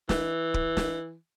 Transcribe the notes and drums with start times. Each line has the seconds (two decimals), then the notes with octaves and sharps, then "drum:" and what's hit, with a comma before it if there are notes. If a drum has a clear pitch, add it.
0.09 E3, drum: snare
0.54 drum: kick D1
0.77 drum: snare